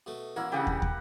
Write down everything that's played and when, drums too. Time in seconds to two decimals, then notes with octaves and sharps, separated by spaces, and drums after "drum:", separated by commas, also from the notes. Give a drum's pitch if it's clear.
0.06 B2 A3
0.36 A1 A#3 E4 F#4
0.52 C#3 G3 G4 F#5
0.67 drum: kick
0.82 drum: kick